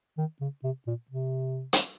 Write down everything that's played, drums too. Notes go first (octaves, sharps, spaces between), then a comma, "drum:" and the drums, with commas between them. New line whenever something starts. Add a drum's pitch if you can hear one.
D#3
C#3
C3
A#2
C3
drum: hi-hat